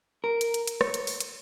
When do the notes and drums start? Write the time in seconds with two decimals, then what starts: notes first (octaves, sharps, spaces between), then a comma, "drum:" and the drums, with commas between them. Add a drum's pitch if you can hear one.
0.24 A#4
0.41 drum: hi-hat
0.54 drum: hi-hat
0.67 drum: hi-hat
0.81 C#5, drum: rim click
0.94 drum: hi-hat
1.07 drum: open hi-hat
1.20 drum: hi-hat